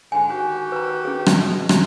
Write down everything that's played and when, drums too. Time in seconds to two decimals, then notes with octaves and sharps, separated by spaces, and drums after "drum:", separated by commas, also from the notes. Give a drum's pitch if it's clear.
0.12 G#2 D3 G#5
0.29 D#3 F#4 G4
0.72 B4 A#5
1.05 C#4 G#4
1.26 B2, drum: rim click
1.69 drum: rim click